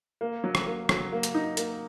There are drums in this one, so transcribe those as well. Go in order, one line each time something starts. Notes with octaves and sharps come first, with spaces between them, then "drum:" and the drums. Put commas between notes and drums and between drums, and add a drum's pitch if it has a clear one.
A#3
F#3
drum: rim click
A#3
F#3, drum: rim click
A#3
drum: hi-hat
D#4
A#3, drum: hi-hat